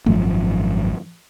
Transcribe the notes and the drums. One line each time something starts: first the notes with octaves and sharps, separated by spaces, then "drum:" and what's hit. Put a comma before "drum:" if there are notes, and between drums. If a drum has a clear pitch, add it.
G#1 F#2 F3, drum: tom G#3